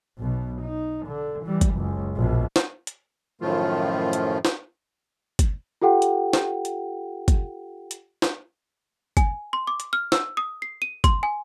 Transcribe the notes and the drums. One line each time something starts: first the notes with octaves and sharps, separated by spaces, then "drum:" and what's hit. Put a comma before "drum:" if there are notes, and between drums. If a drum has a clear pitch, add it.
B1 B2
D#4
D3
E3 G3
drum: kick, hi-hat
F#1 C#2
A#1 B2
drum: snare
drum: hi-hat
F#2 A2 D#3 F3 A3 F4
drum: hi-hat
drum: snare
drum: kick, hi-hat
F4 G4 A4 F#5 G5
drum: hi-hat
drum: snare
drum: hi-hat
drum: kick, hi-hat
drum: hi-hat
drum: snare
G#5, drum: kick, hi-hat
C6
D6
drum: hi-hat
F6
E6, drum: snare
D#6
C7
D#7
C6, drum: kick, hi-hat
G#5